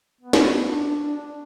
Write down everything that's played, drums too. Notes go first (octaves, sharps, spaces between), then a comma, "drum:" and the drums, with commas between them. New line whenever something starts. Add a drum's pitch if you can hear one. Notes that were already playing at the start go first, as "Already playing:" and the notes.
B3
drum: snare
D4